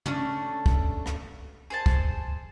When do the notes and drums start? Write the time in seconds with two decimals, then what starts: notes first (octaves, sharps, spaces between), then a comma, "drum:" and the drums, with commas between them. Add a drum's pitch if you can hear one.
0.06 A3 C#4 D4, drum: tom
0.66 drum: kick
1.06 drum: rim click
1.70 G#4 C5 A5
1.86 drum: kick